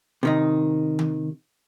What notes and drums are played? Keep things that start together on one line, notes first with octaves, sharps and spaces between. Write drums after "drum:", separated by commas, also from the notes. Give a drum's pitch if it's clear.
C3 D#3 D#4
drum: tom D#3